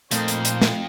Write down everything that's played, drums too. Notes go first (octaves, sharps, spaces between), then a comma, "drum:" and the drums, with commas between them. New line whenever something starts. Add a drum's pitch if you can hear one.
F2 A#2 A3 A#3 D#4 C5, drum: hi-hat
drum: hi-hat
drum: hi-hat
drum: snare